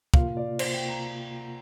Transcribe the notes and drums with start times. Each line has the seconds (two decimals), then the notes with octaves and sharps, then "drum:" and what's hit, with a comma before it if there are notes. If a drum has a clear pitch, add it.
0.14 C3 A#3 F4 F5, drum: kick
0.37 D5
0.59 C5, drum: cymbal
0.74 G5
0.89 A#5